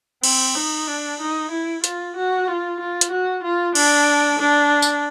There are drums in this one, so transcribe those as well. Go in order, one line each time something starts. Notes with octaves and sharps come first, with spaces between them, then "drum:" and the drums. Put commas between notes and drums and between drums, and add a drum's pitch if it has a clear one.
C4, drum: cymbal
D#4
D4
D#4
E4
F4, drum: hi-hat
F#4
F4
F4
drum: hi-hat
F#4
F4
D4, drum: cymbal
D4
drum: tambourine